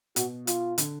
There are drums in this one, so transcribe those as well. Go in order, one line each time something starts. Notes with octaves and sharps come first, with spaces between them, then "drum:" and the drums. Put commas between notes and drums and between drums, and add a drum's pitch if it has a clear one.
B2 F#4, drum: hi-hat
F4, drum: hi-hat
D3, drum: hi-hat